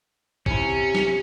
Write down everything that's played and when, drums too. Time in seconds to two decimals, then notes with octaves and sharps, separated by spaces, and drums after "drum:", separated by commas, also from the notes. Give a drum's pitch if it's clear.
0.46 C3 C#4 E4, drum: kick A1
0.95 drum: snare